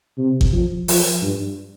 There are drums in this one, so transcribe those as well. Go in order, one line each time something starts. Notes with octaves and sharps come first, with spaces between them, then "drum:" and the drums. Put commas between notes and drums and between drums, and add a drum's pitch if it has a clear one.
C3
drum: kick G#1
F3
F3, drum: open hi-hat
G2